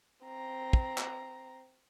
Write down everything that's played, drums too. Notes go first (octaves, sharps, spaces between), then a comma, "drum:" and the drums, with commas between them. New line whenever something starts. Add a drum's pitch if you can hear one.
C4 A#5
drum: kick
drum: clap